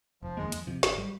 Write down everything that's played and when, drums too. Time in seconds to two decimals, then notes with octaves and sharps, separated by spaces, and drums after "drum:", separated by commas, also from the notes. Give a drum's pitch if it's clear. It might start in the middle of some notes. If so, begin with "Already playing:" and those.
0.22 F1 F3
0.37 F2 D#3 G#3 A#3
0.52 F2, drum: hi-hat
0.67 C3 F3
0.83 G#1, drum: snare
0.98 G3